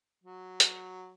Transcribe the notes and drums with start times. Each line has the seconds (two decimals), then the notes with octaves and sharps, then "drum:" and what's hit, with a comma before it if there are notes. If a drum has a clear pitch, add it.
0.24 F#3
0.60 drum: hi-hat